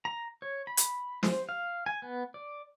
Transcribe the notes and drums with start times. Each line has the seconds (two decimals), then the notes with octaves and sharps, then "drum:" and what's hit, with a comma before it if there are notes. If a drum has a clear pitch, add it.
0.05 A#5
0.42 C#5
0.67 B5
0.77 drum: hi-hat
1.23 C5, drum: snare
1.49 F5
1.86 G#5
2.02 B3
2.34 D5